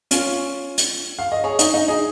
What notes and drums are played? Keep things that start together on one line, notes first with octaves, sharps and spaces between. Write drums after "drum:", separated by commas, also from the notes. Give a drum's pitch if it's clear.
C#4 F4, drum: hi-hat
drum: hi-hat
F5
D#5
G#4 C#5
D#4, drum: hi-hat
D#4
D#4 G#4